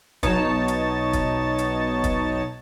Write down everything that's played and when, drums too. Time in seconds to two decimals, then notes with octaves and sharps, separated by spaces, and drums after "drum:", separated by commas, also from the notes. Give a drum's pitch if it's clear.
0.23 B1 B2 D#4 C#5 A5, drum: kick, hi-hat
0.68 drum: hi-hat
1.13 drum: kick, hi-hat
1.58 drum: hi-hat
2.04 drum: kick, hi-hat